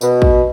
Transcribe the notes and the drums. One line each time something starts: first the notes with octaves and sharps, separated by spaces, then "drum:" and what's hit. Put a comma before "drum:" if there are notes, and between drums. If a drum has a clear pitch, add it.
B2, drum: tambourine
drum: kick